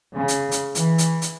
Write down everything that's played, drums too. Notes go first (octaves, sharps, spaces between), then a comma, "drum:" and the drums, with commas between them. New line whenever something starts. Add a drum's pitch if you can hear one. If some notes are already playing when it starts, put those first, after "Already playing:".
C#3
drum: hi-hat
drum: hi-hat
E3, drum: hi-hat
drum: hi-hat
drum: hi-hat